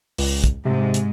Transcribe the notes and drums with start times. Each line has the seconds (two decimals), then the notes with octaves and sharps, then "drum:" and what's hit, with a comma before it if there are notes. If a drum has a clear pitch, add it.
0.18 C#2, drum: open hi-hat
0.44 drum: kick, hi-hat
0.65 G#2 C3 G#3
0.94 drum: hi-hat